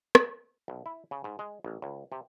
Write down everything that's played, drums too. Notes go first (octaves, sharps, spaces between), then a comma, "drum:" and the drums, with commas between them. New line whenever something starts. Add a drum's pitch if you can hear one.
drum: rim click
B1
E4
C#3
G#2
G#3
A1
C#2
C3